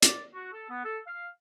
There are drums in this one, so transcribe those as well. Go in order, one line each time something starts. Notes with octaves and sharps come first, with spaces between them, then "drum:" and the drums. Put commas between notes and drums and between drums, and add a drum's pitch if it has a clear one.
D5, drum: hi-hat
F#4
A4
B3
A4
F5